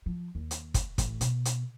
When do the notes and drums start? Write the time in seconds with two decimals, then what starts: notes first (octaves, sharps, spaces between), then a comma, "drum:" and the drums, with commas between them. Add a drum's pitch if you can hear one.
0.06 F3
0.35 D#2
0.51 drum: hi-hat
0.74 drum: kick, hi-hat
0.98 A1, drum: kick, hi-hat
1.21 B2, drum: hi-hat
1.45 drum: hi-hat